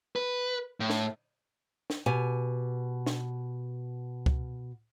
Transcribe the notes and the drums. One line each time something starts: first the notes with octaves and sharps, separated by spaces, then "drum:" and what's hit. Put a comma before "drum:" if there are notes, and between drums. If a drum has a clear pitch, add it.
B4
A2
drum: snare
drum: snare
B2 G4 G#5
drum: snare
drum: kick C#2